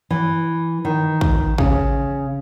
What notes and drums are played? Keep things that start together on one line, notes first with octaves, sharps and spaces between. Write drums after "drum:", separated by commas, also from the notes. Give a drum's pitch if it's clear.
E3
D#3
drum: kick
C#3, drum: kick